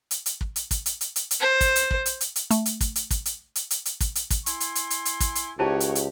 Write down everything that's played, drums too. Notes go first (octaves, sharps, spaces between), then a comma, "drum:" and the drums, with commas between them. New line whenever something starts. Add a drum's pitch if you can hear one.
drum: hi-hat
drum: hi-hat
drum: kick
drum: hi-hat
drum: kick, hi-hat
drum: hi-hat
drum: hi-hat
drum: hi-hat
drum: hi-hat
C5
drum: kick, hi-hat
drum: hi-hat
drum: kick
drum: hi-hat
drum: hi-hat
drum: hi-hat
A3, drum: hi-hat
drum: hi-hat
drum: kick, hi-hat
drum: hi-hat
drum: kick, hi-hat
drum: hi-hat
drum: hi-hat
drum: hi-hat
drum: hi-hat
drum: kick, hi-hat
drum: hi-hat
drum: kick, hi-hat
E4 G#5 C6, drum: hi-hat
drum: hi-hat
drum: hi-hat
drum: hi-hat
drum: hi-hat
drum: kick, hi-hat
drum: hi-hat
C#2 D#3 E4 F#4 G4 C5 C#5 A5
drum: hi-hat
drum: hi-hat